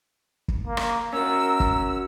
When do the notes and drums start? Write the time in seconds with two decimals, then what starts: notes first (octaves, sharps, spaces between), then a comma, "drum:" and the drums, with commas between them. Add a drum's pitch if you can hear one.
0.48 drum: kick
0.67 A#3
0.77 drum: rim click
1.13 C#4 F#4 A#4 E6
1.60 drum: kick